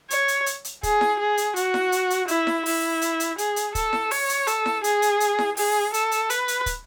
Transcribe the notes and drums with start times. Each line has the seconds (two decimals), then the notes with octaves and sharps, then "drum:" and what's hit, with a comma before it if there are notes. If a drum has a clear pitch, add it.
0.10 C#5, drum: hi-hat
0.28 drum: hi-hat
0.46 drum: hi-hat
0.65 drum: hi-hat
0.83 G#4, drum: kick, hi-hat
1.01 drum: snare E4
1.19 G#4
1.37 drum: hi-hat
1.56 F#4, drum: hi-hat
1.74 drum: snare E4
1.92 drum: hi-hat
2.10 drum: hi-hat
2.28 E4, drum: hi-hat
2.47 drum: snare E4
2.66 E4, drum: open hi-hat
3.02 drum: hi-hat
3.20 drum: hi-hat
3.38 G#4, drum: hi-hat
3.56 drum: hi-hat
3.75 A4, drum: kick, hi-hat
3.93 drum: snare E4
4.11 C#5, drum: open hi-hat
4.29 drum: hi-hat
4.47 A4, drum: hi-hat
4.66 drum: snare E4
4.84 G#4, drum: hi-hat
5.02 drum: hi-hat
5.20 drum: hi-hat
5.39 drum: snare E4
5.57 G#4, drum: open hi-hat
5.94 A4, drum: hi-hat
6.11 drum: hi-hat
6.30 B4, drum: hi-hat
6.48 drum: hi-hat
6.66 drum: kick, hi-hat